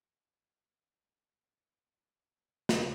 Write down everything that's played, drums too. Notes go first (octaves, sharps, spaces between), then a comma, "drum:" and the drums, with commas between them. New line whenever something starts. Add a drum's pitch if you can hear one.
F3 C4 E4 F4 E5
drum: snare